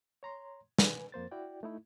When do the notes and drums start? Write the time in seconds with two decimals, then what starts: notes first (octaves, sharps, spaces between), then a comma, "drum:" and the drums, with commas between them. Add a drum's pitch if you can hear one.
0.23 C#5 A#5 C6
0.78 B4 G#5, drum: snare
1.12 F2 A#3 C5 A6
1.31 E4 F#4 D5 G5
1.63 A3 D#4 E4